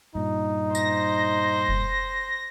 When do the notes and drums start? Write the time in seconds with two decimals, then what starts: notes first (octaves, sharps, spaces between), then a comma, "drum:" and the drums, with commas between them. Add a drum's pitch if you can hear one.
0.15 G2 A#2 D#4
0.75 C5 A#6, drum: tambourine
1.69 drum: kick F1